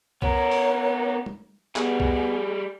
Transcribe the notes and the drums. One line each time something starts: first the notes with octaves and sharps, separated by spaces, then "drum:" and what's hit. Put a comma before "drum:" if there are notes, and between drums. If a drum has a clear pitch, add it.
B3 A#4 C#5, drum: kick C2
drum: open hi-hat
drum: tom
G3 B3 G#4, drum: clap
drum: kick C2